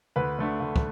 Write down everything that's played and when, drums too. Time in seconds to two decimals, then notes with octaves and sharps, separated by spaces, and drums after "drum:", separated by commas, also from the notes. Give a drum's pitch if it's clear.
0.16 D2 B4
0.39 D3 A3
0.60 D2
0.76 drum: kick